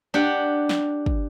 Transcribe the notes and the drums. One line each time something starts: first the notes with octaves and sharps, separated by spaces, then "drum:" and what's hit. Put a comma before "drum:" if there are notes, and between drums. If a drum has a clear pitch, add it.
D4 G4 F#5
drum: snare
drum: kick